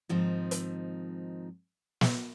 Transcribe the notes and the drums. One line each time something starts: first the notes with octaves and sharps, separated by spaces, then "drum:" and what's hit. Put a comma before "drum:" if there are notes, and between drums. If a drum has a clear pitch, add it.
G#2 D#3 F3 C4 D#4
drum: hi-hat
drum: snare